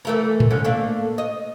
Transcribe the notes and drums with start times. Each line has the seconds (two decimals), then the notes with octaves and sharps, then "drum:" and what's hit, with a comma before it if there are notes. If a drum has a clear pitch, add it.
0.05 E3 A3 A#4
0.40 drum: tom A2
0.51 G#2 D3 C#4
0.65 A3 A#3 D4
1.18 D#5